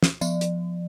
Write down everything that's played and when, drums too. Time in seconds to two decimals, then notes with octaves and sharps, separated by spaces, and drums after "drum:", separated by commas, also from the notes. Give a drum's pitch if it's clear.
0.03 drum: snare
0.21 F3, drum: tambourine
0.41 drum: hi-hat